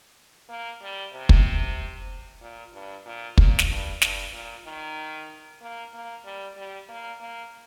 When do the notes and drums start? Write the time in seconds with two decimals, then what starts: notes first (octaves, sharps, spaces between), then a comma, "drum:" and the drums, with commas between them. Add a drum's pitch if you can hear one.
0.49 A#3
0.82 G3
1.13 C3
1.29 drum: kick
2.41 A#2
2.73 G2
3.06 A#2
3.38 A#2, drum: kick
3.59 drum: snare
3.69 G2
4.02 G2, drum: snare
4.33 A#2
4.66 D#3
5.61 A#3
5.94 A#3
6.25 G3
6.57 G3
6.89 A#3
7.20 A#3